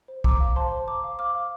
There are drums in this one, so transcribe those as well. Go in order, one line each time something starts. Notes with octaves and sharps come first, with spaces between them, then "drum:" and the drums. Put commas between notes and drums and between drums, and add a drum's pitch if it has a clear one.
C5
C5 A#5 D6, drum: kick
F5
C5 A5 C6
C5
C5 A#5 D6
F5
F5 D6 F6
F5